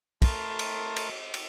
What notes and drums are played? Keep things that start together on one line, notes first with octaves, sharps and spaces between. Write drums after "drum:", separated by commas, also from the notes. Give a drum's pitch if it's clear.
A3 A#4 A5 C6, drum: kick, cymbal
drum: cymbal
drum: cymbal
drum: cymbal